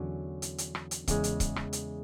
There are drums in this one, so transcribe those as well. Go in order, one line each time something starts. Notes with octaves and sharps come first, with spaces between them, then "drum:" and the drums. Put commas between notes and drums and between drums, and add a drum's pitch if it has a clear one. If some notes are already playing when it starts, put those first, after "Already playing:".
Already playing: E2 D3 F#3 C#4
drum: hi-hat
drum: hi-hat
drum: rim click
drum: hi-hat
E2 C#3 G#3, drum: kick C#1, hi-hat
drum: hi-hat
drum: kick C#1, hi-hat
drum: rim click
drum: hi-hat